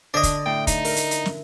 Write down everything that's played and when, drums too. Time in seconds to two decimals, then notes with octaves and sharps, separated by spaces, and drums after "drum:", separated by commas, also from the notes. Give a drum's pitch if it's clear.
0.14 D3 D4 D5 D#5
0.23 drum: kick, hi-hat
0.46 A2 G5
0.67 D#4, drum: kick, hi-hat
0.85 A#4, drum: open hi-hat
0.96 drum: hi-hat
1.11 drum: hi-hat
1.26 drum: snare